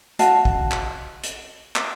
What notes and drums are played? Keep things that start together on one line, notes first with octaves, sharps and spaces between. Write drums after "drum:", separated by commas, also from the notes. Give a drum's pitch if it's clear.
F#4 D#5 F5 A5, drum: hi-hat
drum: kick
drum: clap
drum: hi-hat
drum: clap